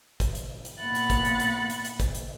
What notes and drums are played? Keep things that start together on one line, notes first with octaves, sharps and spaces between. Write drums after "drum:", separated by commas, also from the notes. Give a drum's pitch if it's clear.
drum: kick, hi-hat
drum: hi-hat
drum: hi-hat
A#2 B3 F#5 B5 F#6 A6
drum: hi-hat
drum: kick, hi-hat
drum: hi-hat
drum: hi-hat
drum: hi-hat
drum: hi-hat
drum: kick, hi-hat
drum: hi-hat